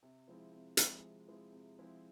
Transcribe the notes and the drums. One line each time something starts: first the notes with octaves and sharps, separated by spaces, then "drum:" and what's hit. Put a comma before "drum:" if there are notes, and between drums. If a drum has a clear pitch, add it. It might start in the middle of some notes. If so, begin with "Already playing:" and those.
C3
F3 G#3 C4 E4
C3
F3 G#3 C4 E4, drum: hi-hat
C3
F3 G#3 C4 E4
C3
F3 G#3 C4 E4